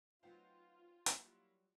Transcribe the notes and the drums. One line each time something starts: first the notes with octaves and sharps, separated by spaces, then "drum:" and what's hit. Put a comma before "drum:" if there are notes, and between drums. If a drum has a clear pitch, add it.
F#3 B3 D#4 F4 C5 F5 G5
F#3 G3 A#3 E4, drum: hi-hat